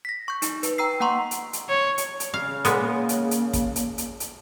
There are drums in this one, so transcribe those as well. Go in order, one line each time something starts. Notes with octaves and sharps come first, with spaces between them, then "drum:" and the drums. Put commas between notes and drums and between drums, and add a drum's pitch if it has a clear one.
A#6 B6
C#6 G6
D#4, drum: hi-hat
B4, drum: hi-hat
G5 A#5 E6 C7
A#3 F#5 A#5 C6 C#6
drum: hi-hat
drum: hi-hat
C#5
drum: hi-hat
drum: hi-hat
C#3 F5
A#2 G#3 B3, drum: hi-hat
A#3
drum: hi-hat
drum: hi-hat
drum: kick, hi-hat
drum: hi-hat
drum: hi-hat
drum: hi-hat